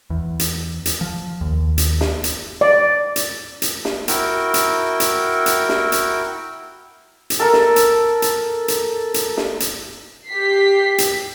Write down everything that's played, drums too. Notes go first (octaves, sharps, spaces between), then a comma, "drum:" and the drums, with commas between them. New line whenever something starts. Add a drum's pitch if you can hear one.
E2
drum: hi-hat
drum: hi-hat
F3
D#2
drum: hi-hat
drum: snare
drum: hi-hat
D5
drum: hi-hat
drum: hi-hat
drum: snare
E4 F#4 A#4 G5, drum: hi-hat
drum: hi-hat
drum: hi-hat
drum: hi-hat
drum: snare
drum: hi-hat
drum: hi-hat
A4 A#4
drum: snare
drum: hi-hat
drum: hi-hat
drum: hi-hat
drum: hi-hat
drum: snare
drum: hi-hat
G4 B6 C7
drum: hi-hat